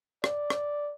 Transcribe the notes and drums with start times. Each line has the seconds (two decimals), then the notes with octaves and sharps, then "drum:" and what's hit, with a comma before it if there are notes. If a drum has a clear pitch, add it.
0.24 D5, drum: rim click
0.50 drum: rim click